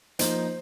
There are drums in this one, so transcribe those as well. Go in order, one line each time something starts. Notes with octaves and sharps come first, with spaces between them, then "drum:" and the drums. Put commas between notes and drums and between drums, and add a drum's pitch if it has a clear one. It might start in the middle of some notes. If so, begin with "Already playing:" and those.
F3 A#3 D#4 C5, drum: hi-hat